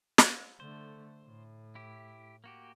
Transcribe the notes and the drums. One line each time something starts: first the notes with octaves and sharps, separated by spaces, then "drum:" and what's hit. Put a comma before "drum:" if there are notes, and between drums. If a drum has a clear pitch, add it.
drum: snare
D3 A3 C5
A2
E4 G4
A#3 F#4 G4